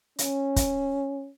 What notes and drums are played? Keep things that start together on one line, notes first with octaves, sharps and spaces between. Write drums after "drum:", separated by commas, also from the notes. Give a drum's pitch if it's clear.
C#4, drum: hi-hat
drum: kick, hi-hat